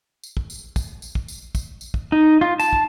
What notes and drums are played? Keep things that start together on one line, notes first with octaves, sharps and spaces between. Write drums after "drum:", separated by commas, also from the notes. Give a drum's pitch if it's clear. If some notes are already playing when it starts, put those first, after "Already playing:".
drum: tambourine
drum: kick
drum: tambourine
drum: kick, tambourine
drum: tambourine
drum: kick
drum: tambourine
drum: kick, tambourine
drum: tambourine
drum: kick
D#4
F4
A5, drum: tambourine
drum: kick